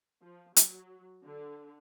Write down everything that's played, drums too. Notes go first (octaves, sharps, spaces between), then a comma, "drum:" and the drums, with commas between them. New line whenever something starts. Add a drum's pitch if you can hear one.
F3
F#3, drum: hi-hat
D3